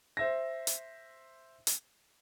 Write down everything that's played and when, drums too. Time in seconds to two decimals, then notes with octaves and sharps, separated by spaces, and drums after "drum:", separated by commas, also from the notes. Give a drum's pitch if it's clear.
0.17 C5 E5 A#6
0.67 drum: hi-hat
1.67 drum: hi-hat